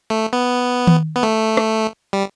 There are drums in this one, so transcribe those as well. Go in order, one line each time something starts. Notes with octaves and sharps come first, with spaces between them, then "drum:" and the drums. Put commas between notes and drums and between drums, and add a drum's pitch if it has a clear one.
A3
B3
drum: tom D#3
B3
A3
drum: rim click
G3